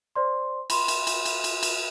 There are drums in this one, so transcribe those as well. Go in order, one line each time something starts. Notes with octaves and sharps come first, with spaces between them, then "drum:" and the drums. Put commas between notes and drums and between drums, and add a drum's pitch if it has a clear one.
C5 D5 C6
B5 C6, drum: cymbal
drum: cymbal
drum: cymbal
drum: cymbal
drum: cymbal
drum: cymbal